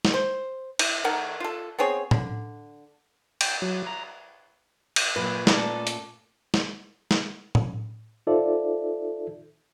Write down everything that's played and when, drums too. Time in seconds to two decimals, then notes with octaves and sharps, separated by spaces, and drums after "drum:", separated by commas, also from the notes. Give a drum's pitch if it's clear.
0.05 drum: snare
0.14 C5
0.79 E4, drum: cymbal
1.04 D#3 A3 A#4 F#5
1.40 F4 A4
1.78 B3 C4 G#4 C#5
2.11 D3, drum: tom A2
3.41 G5, drum: cymbal
3.62 F#3
3.87 A#5
4.96 drum: cymbal
5.16 A#2 F#3 B4
5.47 A3 C#4 A4 D5 A#5, drum: snare
5.87 drum: hi-hat
6.54 drum: snare
7.11 drum: snare
7.55 drum: tom A2
8.27 D#4 F4 A4 C5 D5 E5